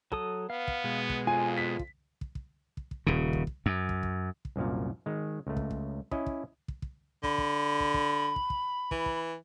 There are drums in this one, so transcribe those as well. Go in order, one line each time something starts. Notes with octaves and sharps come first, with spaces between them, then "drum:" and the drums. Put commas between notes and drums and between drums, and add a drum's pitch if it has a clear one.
F#3 A4 D#6, drum: kick
B3 F5
drum: kick
B2 G#3
drum: kick
F2 F4 G#5
B6
drum: kick
drum: kick
drum: kick
drum: kick
drum: kick
D#1 C#3
drum: kick
drum: kick
F#2
drum: kick
drum: kick
drum: kick
C2 F#2 A#2 F5
D#3 G#3
C#2 A3
drum: kick
drum: kick
C#4 E4 D#5, drum: kick
drum: kick
drum: kick
drum: kick
D3 B5, drum: kick
drum: kick
drum: kick
drum: kick
drum: kick
drum: kick
E3, drum: kick
drum: kick